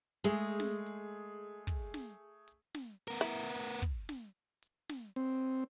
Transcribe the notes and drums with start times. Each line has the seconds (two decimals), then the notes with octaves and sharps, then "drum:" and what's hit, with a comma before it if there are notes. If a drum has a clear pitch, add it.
0.24 G#3 A3 G#4
0.60 drum: snare
0.86 drum: hi-hat
1.67 drum: kick
1.94 drum: snare
2.48 drum: hi-hat
2.75 drum: snare
3.08 B3 A#4
3.21 E4
3.82 drum: kick
4.09 drum: snare
4.63 drum: hi-hat
4.89 drum: snare
5.16 C4, drum: hi-hat